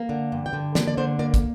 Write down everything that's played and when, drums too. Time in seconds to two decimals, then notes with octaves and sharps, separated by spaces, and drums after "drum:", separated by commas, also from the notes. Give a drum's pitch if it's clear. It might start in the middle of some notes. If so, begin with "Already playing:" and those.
Already playing: A#3
0.09 D3
0.32 G2
0.46 G5
0.53 D3
0.75 A#3 D5, drum: snare
0.88 D5
0.97 D3 C5
1.19 A#3 D5
1.34 drum: kick, hi-hat